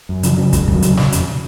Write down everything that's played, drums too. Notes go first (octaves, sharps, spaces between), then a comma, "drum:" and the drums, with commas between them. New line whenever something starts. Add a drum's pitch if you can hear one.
F#2
C#3 F3, drum: hi-hat
C#3 F#3
D#2 G#3, drum: kick, hi-hat
D#2 F#3, drum: kick
C#3, drum: hi-hat
C#3, drum: snare
F2, drum: hi-hat